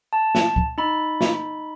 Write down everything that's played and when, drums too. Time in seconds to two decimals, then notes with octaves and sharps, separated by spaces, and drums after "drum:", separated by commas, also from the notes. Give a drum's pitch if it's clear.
0.13 A5
0.35 drum: snare
0.56 drum: kick C#2
0.78 D#4 B5
1.21 drum: snare